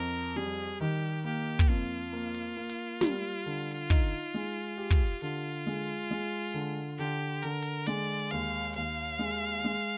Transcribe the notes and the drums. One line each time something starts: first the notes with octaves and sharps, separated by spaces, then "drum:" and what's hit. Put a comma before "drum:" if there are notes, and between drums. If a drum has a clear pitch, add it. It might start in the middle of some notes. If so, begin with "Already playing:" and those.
Already playing: F2 A#4
G3 G#4
D#3 G4
A#3 G4
drum: kick
F2 F4
A#3
drum: open hi-hat
A#3
drum: hi-hat
G3, drum: snare
D3
D#4, drum: kick
G#3
G4
drum: kick
D3 F4
G#3
G#3
D3
D3 G4
D3 A#4
drum: hi-hat
G#3 D5, drum: hi-hat
D#2 F5
D#2 F5
G#3
G#3